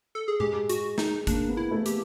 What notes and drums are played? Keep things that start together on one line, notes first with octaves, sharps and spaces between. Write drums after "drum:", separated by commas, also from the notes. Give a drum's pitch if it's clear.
A4
G#4
G#3 G4, drum: tom A2
F#4, drum: hi-hat
D#4, drum: snare
A#3 D4, drum: kick, hi-hat
B3
E4
A3
G4, drum: hi-hat